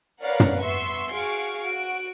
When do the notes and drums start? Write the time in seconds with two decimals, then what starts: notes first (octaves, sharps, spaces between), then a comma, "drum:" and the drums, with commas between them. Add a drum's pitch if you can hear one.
0.24 A#4 B4 C#5 D5 F5 F#5
0.40 drum: tom
0.63 B3 E5 C6 C#6 E6
1.12 F#4 G#4 F5 C#6 D7
1.60 F#4 D7